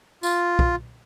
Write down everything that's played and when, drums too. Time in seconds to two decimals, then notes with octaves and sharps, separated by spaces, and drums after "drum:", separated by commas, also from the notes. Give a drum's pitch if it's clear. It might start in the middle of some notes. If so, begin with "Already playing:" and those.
0.23 F4, drum: tambourine
0.59 drum: kick